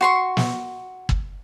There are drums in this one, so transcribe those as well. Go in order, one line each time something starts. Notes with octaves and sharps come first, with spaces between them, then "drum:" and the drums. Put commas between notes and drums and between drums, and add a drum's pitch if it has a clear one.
F#4 C6 C#6
drum: snare
drum: kick